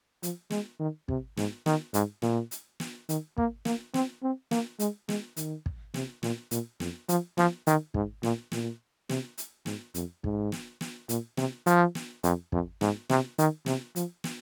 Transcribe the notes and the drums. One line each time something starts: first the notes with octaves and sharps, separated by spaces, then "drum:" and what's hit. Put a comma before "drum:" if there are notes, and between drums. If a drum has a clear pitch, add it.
F3, drum: hi-hat
G#3, drum: snare
D#3
C3, drum: kick
G#2, drum: snare
D#3, drum: snare
G#2, drum: hi-hat
A#2, drum: snare
drum: hi-hat
drum: snare
D#3, drum: hi-hat
A#3, drum: kick
A#3, drum: snare
C4, drum: snare
C4
A#3, drum: snare
G#3, drum: hi-hat
G#3, drum: snare
D#3, drum: hi-hat
drum: kick
C3, drum: snare
A#2, drum: snare
A#2, drum: hi-hat
F2, drum: snare
F3, drum: hi-hat
F3, drum: snare
D#3, drum: hi-hat
G#2, drum: kick
A#2, drum: snare
A#2, drum: snare
C3, drum: snare
drum: hi-hat
G#2, drum: snare
F2, drum: hi-hat
G#2, drum: kick
drum: snare
drum: snare
A#2, drum: hi-hat
C3, drum: snare
F3, drum: hi-hat
drum: snare
F2, drum: hi-hat
F2, drum: kick
G#2, drum: snare
C3, drum: snare
D#3, drum: hi-hat
C3, drum: snare
F3, drum: hi-hat
drum: snare